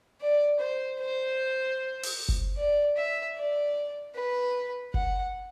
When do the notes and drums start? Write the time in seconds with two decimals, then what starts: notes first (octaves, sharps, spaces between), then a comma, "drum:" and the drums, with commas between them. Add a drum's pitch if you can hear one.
0.21 D5
0.60 C5
0.99 C5
2.03 drum: open hi-hat
2.29 drum: kick F#1
2.57 D5
2.97 E5
3.36 D5
4.15 B4
4.94 F#5, drum: kick F#1